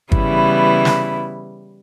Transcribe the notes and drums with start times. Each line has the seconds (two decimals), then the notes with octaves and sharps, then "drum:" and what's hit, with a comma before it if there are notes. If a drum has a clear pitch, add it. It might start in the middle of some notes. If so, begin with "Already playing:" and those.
0.12 C#3 E3 G3 B3 E4, drum: kick
0.85 drum: snare